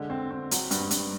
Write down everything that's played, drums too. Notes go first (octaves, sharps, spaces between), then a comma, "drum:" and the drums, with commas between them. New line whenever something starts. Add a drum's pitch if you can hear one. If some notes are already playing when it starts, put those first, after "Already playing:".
Already playing: D3 G#3
C4
C4
F#3, drum: hi-hat
G2, drum: hi-hat
G2, drum: hi-hat